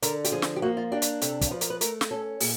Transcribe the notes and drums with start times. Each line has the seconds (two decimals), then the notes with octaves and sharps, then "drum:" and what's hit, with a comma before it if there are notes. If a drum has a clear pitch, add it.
0.02 D3 A#4, drum: hi-hat
0.24 G4, drum: hi-hat
0.32 F3 G#4
0.42 drum: snare
0.56 G4
0.62 A#3 F#4
0.77 F4
0.92 D4 G4
1.02 drum: hi-hat
1.21 C3 A4, drum: hi-hat
1.41 drum: kick, hi-hat
1.51 F3 B4
1.61 A#4, drum: hi-hat
1.70 B4
1.81 A3 A#4, drum: hi-hat
2.01 drum: snare
2.11 C#4 A4
2.40 A#2 G#4, drum: open hi-hat